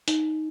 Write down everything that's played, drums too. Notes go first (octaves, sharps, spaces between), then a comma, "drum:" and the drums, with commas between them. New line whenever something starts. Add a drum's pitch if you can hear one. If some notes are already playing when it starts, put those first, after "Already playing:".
D#4, drum: hi-hat